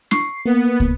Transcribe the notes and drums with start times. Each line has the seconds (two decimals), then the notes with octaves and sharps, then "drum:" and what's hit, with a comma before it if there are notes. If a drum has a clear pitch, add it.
0.11 C#6 C7, drum: snare
0.46 A#3 B3
0.80 drum: kick